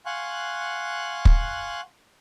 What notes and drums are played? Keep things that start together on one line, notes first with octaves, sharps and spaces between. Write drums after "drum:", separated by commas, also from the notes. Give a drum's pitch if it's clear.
F5 F#5 G#5 C6 C#6 F#6
drum: kick